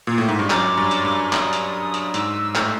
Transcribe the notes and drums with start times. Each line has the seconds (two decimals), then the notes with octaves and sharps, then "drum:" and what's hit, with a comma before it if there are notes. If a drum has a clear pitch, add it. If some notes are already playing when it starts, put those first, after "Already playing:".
0.07 A#2
0.18 A2
0.28 G#2
0.39 G2
0.50 F#2 D6, drum: clap
0.77 G2
0.91 drum: hi-hat
1.05 G2
1.33 D#6, drum: clap
1.53 drum: hi-hat
1.94 drum: hi-hat
2.14 G#2 E6, drum: hi-hat
2.42 E6
2.55 A2, drum: clap